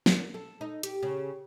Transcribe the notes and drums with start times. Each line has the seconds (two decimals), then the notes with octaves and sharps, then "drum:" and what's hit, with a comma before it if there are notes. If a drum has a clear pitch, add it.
0.06 A#3, drum: snare
0.34 A4
0.61 D#4
0.83 G4, drum: hi-hat
1.03 C#3